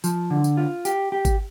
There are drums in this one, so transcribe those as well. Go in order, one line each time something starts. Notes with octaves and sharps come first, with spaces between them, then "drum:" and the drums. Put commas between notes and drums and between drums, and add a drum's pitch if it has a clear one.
F3, drum: tambourine
D3
drum: tambourine
F4
G4, drum: tambourine
G4
drum: kick G#1, tambourine